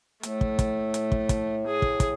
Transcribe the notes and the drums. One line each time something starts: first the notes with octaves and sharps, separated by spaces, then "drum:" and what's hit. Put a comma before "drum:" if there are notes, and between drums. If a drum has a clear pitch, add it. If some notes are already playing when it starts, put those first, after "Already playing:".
A2 A3, drum: hi-hat
drum: kick
drum: kick, hi-hat
drum: hi-hat
drum: kick
drum: kick, hi-hat
G#4
drum: kick
drum: kick, hi-hat